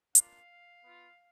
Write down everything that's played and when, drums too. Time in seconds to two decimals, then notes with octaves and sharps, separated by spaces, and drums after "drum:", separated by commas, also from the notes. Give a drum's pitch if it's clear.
0.15 A#3 D4 F4 F5, drum: hi-hat
0.83 B3 F4